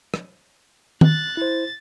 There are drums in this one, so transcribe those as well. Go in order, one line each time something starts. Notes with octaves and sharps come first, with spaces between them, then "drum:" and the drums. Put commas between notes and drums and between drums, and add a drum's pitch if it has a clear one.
drum: rim click
F#6 A6, drum: tom D#3
E4 C5 A6